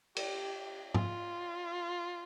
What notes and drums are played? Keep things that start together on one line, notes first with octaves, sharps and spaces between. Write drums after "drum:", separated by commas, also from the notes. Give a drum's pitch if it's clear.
G4, drum: cymbal
F4, drum: tom G#2